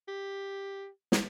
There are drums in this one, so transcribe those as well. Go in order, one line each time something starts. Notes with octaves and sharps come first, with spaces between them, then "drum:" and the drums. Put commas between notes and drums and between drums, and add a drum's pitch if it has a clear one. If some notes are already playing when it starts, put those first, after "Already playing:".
G4
drum: snare